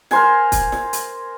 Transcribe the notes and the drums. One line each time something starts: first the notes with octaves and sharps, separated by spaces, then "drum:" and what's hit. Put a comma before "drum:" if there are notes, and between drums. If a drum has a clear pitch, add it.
A#4 C5 G#5, drum: snare
drum: kick, hi-hat
drum: snare
drum: hi-hat